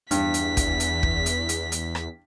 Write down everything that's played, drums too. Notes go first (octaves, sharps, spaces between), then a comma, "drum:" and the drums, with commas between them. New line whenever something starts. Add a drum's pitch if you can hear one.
E2 G2 B6, drum: hi-hat
drum: hi-hat
drum: kick, hi-hat
drum: hi-hat
drum: kick
drum: hi-hat
drum: hi-hat
drum: hi-hat
drum: rim click